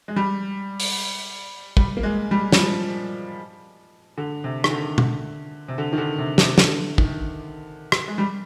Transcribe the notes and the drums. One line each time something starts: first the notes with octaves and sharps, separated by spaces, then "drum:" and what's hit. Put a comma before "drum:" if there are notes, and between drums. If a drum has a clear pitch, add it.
G#3
G3
drum: open hi-hat
G3, drum: kick
A#3
G#3
G3
G3, drum: snare
F3
D3
C3
D#3, drum: rim click
D3
D3, drum: tom B2
C3
D3
D#3
D3
C3
C3, drum: snare
D3, drum: snare
D#3, drum: kick
drum: rim click
G#3
G3